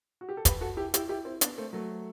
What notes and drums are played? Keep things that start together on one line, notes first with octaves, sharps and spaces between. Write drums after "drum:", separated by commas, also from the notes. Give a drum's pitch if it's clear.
F#4
G4
A4
G4 B4, drum: kick, hi-hat
F#4 A4
E4 G4
E4 G4, drum: hi-hat
E4 G4
C4 E4
B3 D4, drum: hi-hat
A3 C4
F#3 A3